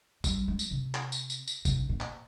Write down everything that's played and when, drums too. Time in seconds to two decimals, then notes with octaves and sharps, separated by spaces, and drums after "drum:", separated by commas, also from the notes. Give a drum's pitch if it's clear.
0.24 G3, drum: kick, tambourine
0.48 G#3
0.59 drum: tambourine
0.71 C3
0.94 drum: clap
1.12 drum: tambourine
1.30 drum: tambourine
1.47 drum: tambourine
1.65 C3, drum: kick, tambourine
1.89 A#2
2.01 drum: clap